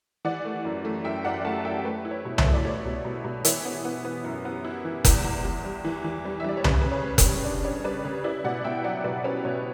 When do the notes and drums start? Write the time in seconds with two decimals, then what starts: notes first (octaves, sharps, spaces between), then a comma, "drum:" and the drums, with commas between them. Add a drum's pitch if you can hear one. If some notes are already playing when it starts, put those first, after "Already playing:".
0.25 E3 D5 F#5
0.45 A3
0.65 F#2
0.85 A3
1.04 F#2 E5 G5
1.24 F#2 D5 F#5
1.45 A3 F#5 A5
1.65 F#2 E5 G5
1.85 A3 B4
2.05 E4
2.11 C#5
2.25 B2
2.38 C#5 E5, drum: tom C2
2.45 A3
2.54 D5
2.65 A3 C#5
2.85 B2
3.05 B2
3.25 B2
3.45 E3 C#5 E5, drum: hi-hat
3.65 B3
3.85 B3
4.05 B3
4.24 F#2
4.45 B3
4.65 E4
4.85 E3
5.05 E2, drum: kick F1, hi-hat
5.24 E2
5.45 E2
5.64 G3
5.85 E3
6.04 E3
6.25 G3
6.40 E5
6.44 G3 D5
6.57 C#5
6.64 C#3 B4, drum: tom C2
6.82 C#3 B4
6.92 C#5
7.04 C#3
7.18 B4, drum: kick F1, hi-hat
7.24 G3
7.45 D4
7.64 D4 C#5
7.84 G3 B4 D5
8.05 C#3 C#5
8.24 E4 B4 D5
8.44 B2 D5 F#5
8.64 B2 E5 G5
8.84 F#3 D5 F#5
9.04 B2 B4 D5
9.24 C#4 B4
9.45 B2 C#5